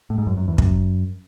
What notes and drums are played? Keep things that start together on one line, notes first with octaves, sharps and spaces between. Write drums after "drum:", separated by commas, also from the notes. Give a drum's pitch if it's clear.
A2
G#2
F#2
F#2
E2
F#2, drum: kick